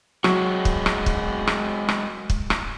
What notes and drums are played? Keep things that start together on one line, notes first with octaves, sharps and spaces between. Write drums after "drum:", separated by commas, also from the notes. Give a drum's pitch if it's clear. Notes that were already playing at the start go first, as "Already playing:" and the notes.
F#3 G#3 F#4, drum: rim click
drum: kick
drum: rim click
drum: kick
drum: rim click
drum: rim click
drum: kick
drum: rim click